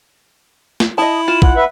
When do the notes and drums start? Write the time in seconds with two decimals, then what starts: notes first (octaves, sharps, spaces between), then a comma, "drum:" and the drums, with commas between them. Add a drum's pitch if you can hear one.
0.80 drum: snare
0.98 E4 D#5 A5 D#6
1.28 F4 E7
1.42 F#5, drum: kick
1.56 B4 E5